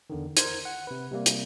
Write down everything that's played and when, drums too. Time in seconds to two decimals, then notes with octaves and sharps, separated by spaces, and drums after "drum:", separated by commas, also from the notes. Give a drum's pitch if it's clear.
0.10 E2 D3 D#3
0.37 A#4 C5 G#6, drum: hi-hat
0.65 F#5
0.87 C3 B4
1.11 C3 G3 A#3
1.26 drum: hi-hat